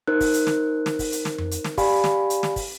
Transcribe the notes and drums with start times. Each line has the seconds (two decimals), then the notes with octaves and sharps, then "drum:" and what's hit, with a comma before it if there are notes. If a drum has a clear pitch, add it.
0.07 D#4 A#4 C5 F#6
0.21 drum: kick, open hi-hat
0.34 drum: hi-hat
0.47 drum: snare
0.86 drum: snare
0.99 drum: kick, open hi-hat
1.12 drum: hi-hat
1.25 drum: snare
1.38 drum: tom F2
1.51 drum: hi-hat
1.64 drum: snare
1.78 G4 D5 F5 G#5 B5, drum: kick, open hi-hat
2.04 drum: snare
2.30 drum: hi-hat
2.43 drum: snare
2.56 drum: kick, open hi-hat